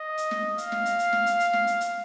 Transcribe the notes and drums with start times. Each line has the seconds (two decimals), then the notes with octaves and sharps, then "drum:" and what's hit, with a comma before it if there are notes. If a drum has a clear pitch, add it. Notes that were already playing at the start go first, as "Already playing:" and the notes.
Already playing: D#5
0.18 drum: hi-hat
0.31 drum: snare
0.58 F5, drum: hi-hat
0.72 drum: snare
0.85 drum: hi-hat
0.99 drum: hi-hat
1.13 drum: snare
1.26 drum: hi-hat
1.40 drum: hi-hat
1.53 drum: snare
1.67 drum: hi-hat
1.81 drum: hi-hat